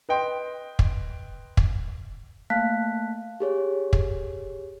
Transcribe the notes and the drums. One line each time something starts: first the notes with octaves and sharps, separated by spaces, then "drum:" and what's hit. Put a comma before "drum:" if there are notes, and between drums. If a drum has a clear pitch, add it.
B4 D#5 G5 C6
drum: kick
drum: kick
A3 A#3 F5 A5 F#6 B6
G4 G#4 C#5
drum: kick